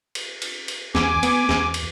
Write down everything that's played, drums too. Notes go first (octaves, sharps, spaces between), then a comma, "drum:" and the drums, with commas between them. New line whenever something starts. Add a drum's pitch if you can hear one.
drum: cymbal
drum: cymbal
drum: cymbal
E2 G#5 D6, drum: snare
B3, drum: cymbal
E2, drum: snare
drum: cymbal